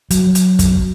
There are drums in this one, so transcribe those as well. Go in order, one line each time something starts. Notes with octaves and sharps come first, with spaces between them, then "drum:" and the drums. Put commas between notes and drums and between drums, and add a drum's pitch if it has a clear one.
F#3, drum: hi-hat
drum: hi-hat
drum: kick, hi-hat